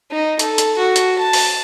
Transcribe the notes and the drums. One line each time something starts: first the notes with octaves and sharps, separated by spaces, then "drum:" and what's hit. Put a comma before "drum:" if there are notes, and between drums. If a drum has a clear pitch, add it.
D#4
A4, drum: hi-hat
drum: hi-hat
F#4
drum: hi-hat
A5
drum: open hi-hat